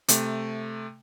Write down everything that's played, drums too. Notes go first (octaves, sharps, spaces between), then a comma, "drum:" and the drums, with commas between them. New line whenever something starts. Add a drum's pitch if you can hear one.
C3 A3, drum: hi-hat